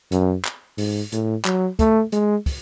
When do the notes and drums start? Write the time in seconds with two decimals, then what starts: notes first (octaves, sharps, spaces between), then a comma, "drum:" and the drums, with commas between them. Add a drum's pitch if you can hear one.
0.12 F#2, drum: hi-hat
0.45 drum: clap
0.78 G#2, drum: open hi-hat
1.12 A2, drum: hi-hat
1.45 F#3, drum: clap
1.79 A3, drum: kick, hi-hat
2.12 G#3, drum: hi-hat
2.46 drum: kick, open hi-hat